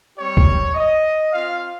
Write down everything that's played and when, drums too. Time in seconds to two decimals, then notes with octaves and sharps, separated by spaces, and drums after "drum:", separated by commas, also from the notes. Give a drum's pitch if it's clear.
0.17 G3 C4 G4 C#5
0.37 drum: kick B1
0.75 D#5
1.32 C4 F4 F5